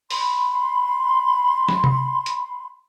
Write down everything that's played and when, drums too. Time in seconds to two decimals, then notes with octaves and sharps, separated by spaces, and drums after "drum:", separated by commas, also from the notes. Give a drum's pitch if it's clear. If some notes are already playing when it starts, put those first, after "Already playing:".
0.10 B5 C6, drum: open hi-hat
1.68 drum: snare
1.84 drum: tom
2.26 drum: hi-hat